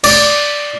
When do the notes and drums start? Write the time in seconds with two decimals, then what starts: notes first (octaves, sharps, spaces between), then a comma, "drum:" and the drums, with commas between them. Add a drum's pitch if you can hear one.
0.04 D5, drum: cymbal